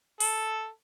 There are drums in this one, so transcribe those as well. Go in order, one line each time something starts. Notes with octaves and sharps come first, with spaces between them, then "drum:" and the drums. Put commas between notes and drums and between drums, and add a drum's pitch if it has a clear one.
A4, drum: open hi-hat